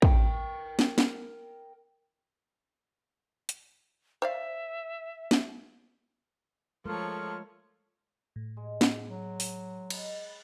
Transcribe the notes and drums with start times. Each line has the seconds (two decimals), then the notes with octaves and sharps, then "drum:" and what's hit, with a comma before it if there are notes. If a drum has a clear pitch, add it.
0.02 A#4 G5, drum: kick
0.79 drum: snare
0.98 drum: snare
3.49 drum: hi-hat
4.22 C5 D5 E5 F5
5.31 drum: snare
6.86 F3 G#3 A3 A4 A#4 C#5 C6 F6
8.36 A2
8.57 G#3
8.81 drum: snare
9.09 F#3
9.40 drum: open hi-hat
9.90 D#5 A#5 B5, drum: cymbal